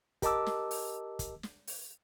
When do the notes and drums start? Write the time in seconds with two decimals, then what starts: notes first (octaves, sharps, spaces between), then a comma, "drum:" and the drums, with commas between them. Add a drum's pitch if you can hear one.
0.22 G4 A#4 D#5 A5 D6 E6, drum: kick, hi-hat
0.46 drum: snare
0.71 drum: open hi-hat
1.19 drum: kick, hi-hat
1.43 drum: snare
1.67 drum: open hi-hat